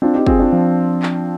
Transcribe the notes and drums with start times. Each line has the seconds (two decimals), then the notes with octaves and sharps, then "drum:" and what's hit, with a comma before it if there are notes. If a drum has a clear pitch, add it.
0.02 C4 D4 F4
0.14 D#4 G4
0.27 C4 F4 G#4, drum: kick
0.39 D4 F4
0.52 F3
1.03 drum: clap